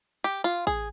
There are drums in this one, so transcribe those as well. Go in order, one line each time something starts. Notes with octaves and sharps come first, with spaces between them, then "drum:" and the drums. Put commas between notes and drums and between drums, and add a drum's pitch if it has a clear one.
G4
F4
G#4, drum: kick